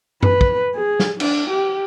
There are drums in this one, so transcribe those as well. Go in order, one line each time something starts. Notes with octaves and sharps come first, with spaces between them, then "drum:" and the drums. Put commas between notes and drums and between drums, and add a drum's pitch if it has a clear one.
B4, drum: tom F#2
drum: kick
G#4
drum: snare
D4, drum: cymbal
G4